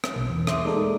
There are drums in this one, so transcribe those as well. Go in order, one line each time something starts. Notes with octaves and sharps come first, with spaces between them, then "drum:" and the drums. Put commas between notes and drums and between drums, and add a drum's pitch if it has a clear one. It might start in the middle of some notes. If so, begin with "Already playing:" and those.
drum: rim click
B1
E2
E5 C6 D6 D#6, drum: rim click
G#3 A#3 D#4 A4 A#4 D5